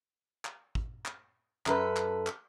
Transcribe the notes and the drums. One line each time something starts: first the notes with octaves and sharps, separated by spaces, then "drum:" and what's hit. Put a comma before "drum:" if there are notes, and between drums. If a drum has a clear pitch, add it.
drum: clap
drum: kick
drum: clap
F#2 A4 B4, drum: clap
drum: clap
drum: clap